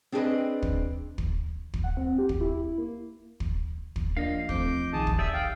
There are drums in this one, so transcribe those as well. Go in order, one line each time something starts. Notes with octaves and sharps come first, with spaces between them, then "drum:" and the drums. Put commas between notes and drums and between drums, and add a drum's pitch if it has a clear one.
C4 D4 G#4 A4 B4 D#5
drum: kick
drum: kick
drum: kick
F#5
C4
G4
drum: kick
E4
A#3
drum: kick
drum: kick
F3 A#3 D4 D#5 F5
A3 C4 D6 G6, drum: kick
A#1 D#3 G#4 A5 D#6
drum: kick
A1 G4 A4 D5 E5 D#6 E6
F5 G5